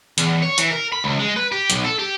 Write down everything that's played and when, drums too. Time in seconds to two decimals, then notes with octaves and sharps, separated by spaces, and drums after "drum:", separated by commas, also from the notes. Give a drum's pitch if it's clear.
0.18 E2, drum: hi-hat
0.42 C#5
0.58 E3, drum: hi-hat
0.71 A#4
0.92 B5
1.04 C#2
1.19 G#3
1.36 B4
1.52 G4
1.70 B1, drum: hi-hat
1.85 A4
1.99 G4